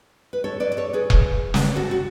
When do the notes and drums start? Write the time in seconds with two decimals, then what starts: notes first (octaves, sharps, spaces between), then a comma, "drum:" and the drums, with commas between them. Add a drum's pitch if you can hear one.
0.33 B4
0.44 A4 C#5
0.60 B4 D5
0.72 D5
0.77 A4 C#5
0.93 G#4 B4
1.10 drum: kick E1
1.54 drum: snare
1.76 F#4 A4
1.91 F#4